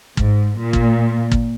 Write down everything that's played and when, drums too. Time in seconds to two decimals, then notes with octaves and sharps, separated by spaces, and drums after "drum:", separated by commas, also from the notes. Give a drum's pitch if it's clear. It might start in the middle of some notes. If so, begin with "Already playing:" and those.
0.17 G#2, drum: kick
0.59 A#2
0.73 drum: kick
1.31 drum: kick